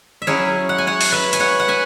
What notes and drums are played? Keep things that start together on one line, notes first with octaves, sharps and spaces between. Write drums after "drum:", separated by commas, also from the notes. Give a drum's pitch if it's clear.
E5
F#3 C#4 E4 G#4 C#5
F#5
G#5
C#5 F#5
drum: open hi-hat
B4 E5
G#5, drum: hi-hat
C#5 F#5
F#5
E5 G#5